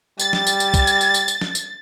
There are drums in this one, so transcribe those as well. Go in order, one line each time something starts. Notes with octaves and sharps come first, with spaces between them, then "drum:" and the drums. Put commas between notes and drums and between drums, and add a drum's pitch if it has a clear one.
G3 A6, drum: tambourine
drum: snare
drum: tambourine
drum: tambourine
drum: kick, tambourine
drum: tambourine
drum: tambourine
drum: tambourine
drum: tambourine
drum: snare
drum: tambourine